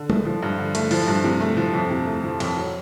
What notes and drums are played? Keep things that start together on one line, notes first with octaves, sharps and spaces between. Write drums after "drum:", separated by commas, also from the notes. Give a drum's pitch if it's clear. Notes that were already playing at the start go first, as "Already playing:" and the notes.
Already playing: D3
A3, drum: tom
F3
G2
D3
A3, drum: hi-hat
F3, drum: open hi-hat
G2
C3
A3
F3
F2
C3
A3
F3
F2, drum: cymbal
F#3